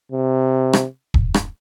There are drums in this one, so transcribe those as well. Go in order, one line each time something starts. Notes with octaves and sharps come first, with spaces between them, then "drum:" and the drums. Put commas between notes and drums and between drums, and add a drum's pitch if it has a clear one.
C3
drum: rim click
drum: kick
drum: rim click